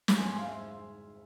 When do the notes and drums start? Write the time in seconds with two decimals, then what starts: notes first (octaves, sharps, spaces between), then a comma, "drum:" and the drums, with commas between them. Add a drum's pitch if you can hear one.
0.08 drum: snare
0.17 G#2 G#5 C6
0.28 G#5 C6
0.38 G#3 F5 G#5
0.49 E5